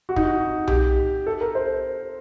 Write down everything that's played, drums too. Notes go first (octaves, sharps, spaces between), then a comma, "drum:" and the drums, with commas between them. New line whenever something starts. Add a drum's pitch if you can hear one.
F#4
D#4, drum: kick
F#4
G4, drum: tom B1
A4
A#4
C5